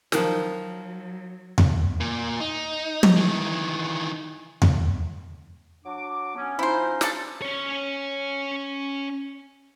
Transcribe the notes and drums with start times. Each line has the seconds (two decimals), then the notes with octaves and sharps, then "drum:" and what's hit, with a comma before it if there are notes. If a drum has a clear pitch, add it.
0.12 D#3 F3 F#3, drum: snare
1.58 drum: tom E2
2.00 A#2
2.40 D#4
3.03 drum: tom
3.16 D#3 E3
4.62 drum: tom E2
5.85 F#3 D4 D6
6.36 F#3 B3 C#4
6.59 F3 C#4 D#4 E4 C5
7.01 D4 A4, drum: snare
7.42 C#4 C#5